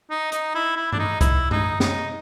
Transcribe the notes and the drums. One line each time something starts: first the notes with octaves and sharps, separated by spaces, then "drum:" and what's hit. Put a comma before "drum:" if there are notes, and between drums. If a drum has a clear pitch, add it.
D#4
D#4, drum: hi-hat
E4
E4
D4, drum: tom G2
D#4
E4, drum: kick C2, hi-hat
D#4, drum: tom F#2
D#4, drum: snare